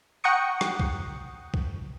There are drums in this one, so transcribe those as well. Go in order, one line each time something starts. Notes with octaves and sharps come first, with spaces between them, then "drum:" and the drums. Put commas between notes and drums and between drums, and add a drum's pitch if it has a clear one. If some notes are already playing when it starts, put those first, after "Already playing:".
F#5 G5 A#5 C#6 D#6 C#7
drum: rim click
drum: kick C2
drum: kick C2